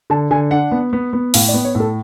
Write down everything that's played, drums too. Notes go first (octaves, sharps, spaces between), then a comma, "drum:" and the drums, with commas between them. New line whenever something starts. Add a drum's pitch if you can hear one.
D3 A5
D3 G#5
D4 F#5
B3
B3
B3
A2 F5, drum: open hi-hat
D5
B3
C#5
A2
A4